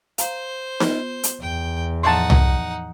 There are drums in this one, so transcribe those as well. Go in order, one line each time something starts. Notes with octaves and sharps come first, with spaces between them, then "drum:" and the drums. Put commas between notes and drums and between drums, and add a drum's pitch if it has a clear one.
C5 F5 A#5, drum: hi-hat
B3 F4, drum: snare D#4
drum: hi-hat
E2 G5
A2 E3 F3 D#4 F#5 A5 C6
drum: tom C2